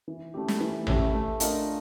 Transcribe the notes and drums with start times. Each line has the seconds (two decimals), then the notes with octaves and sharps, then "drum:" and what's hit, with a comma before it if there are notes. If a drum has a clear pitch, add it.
0.08 E3
0.34 A3 C#4 E4 G4
0.48 drum: snare
0.61 E3
0.87 A3 C#4 E4 G4, drum: tom A1
1.13 A3
1.40 D4 F4 A#4 D#5, drum: hi-hat